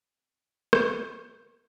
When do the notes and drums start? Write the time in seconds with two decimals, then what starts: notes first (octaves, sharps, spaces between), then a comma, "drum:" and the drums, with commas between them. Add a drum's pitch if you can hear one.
0.13 C4
0.73 F#4, drum: rim click